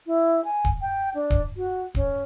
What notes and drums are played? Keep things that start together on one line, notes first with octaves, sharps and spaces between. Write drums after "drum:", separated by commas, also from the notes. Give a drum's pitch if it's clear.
E4
G#5
drum: kick D1
G5
D4
drum: kick D1
F#4
C#4, drum: kick D1